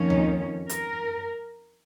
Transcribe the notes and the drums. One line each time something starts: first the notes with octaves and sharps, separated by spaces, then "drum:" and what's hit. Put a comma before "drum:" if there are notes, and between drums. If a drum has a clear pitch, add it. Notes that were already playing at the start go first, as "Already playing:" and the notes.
Already playing: F2 D#3 A#3 C#4
D#4, drum: tom D2
A#4, drum: hi-hat